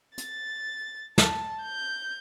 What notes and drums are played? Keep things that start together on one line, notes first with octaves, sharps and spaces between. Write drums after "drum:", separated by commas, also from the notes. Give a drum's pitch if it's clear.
A6, drum: hi-hat
A5, drum: snare
G6